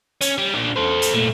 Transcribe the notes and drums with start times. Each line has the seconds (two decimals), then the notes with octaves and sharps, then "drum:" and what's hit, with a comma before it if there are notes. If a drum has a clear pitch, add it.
0.21 C#4, drum: hi-hat
0.38 G3
0.55 A#2 D4
0.76 A4 C5
1.02 drum: hi-hat
1.14 A#2 A3